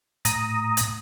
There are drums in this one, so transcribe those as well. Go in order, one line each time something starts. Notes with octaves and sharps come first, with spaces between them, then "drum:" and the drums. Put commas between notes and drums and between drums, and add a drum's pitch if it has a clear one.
A2 A#5 D#6, drum: hi-hat
drum: hi-hat